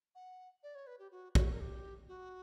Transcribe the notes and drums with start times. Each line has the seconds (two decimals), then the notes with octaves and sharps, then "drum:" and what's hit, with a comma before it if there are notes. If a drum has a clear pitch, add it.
0.15 F#5
0.63 D5
0.75 C#5
0.87 B4
0.99 G4
1.12 F#4
1.35 F#4, drum: kick
1.53 A#4
1.60 G4
2.08 F#4